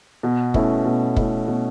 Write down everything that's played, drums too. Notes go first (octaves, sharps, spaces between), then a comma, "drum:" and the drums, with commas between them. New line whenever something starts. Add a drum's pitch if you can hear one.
B2
A3 C#4 E4, drum: kick
B2
A3 C#4 E4, drum: kick
B2